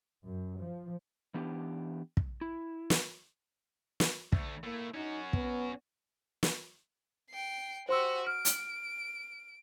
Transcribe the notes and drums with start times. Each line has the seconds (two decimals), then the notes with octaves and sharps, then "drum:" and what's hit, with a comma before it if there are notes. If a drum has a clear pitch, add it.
0.25 F#2
0.59 F3
1.34 E3 B3 D4 G4
2.17 drum: kick
2.41 E4
2.90 drum: snare
4.00 drum: snare
4.32 D2 A3, drum: kick
4.63 A3 A#3 E4
4.94 C#4 D#4 F#4
5.33 B3, drum: kick
6.43 drum: snare
7.31 G5 C7
7.89 F#4 G4 C5 C6 E6
8.27 F6 D7
8.45 drum: hi-hat